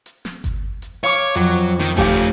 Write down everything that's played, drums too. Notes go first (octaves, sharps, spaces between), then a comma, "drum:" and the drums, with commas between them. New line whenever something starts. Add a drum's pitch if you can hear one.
drum: hi-hat
drum: snare
drum: kick G1, hi-hat
drum: hi-hat
C#5 F5 C#6 D6
F2 F#3
drum: hi-hat
D#3, drum: snare
A3 C#4 F4 G4 F5, drum: kick G1, hi-hat